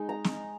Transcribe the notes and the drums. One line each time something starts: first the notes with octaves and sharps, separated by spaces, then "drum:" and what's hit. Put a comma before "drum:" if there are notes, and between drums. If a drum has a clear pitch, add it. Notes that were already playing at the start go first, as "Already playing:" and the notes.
Already playing: G#3 D#4
A#5
drum: snare